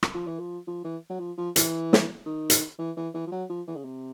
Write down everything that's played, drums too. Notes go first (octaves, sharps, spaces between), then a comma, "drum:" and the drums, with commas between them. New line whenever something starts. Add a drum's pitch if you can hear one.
drum: rim click
F3
E3
F3
F3
E3
F#3
F3
F3
E3, drum: hi-hat
drum: snare
D#3
drum: hi-hat
E3
E3
E3
F3
F#3
F3
E3
C#3
C3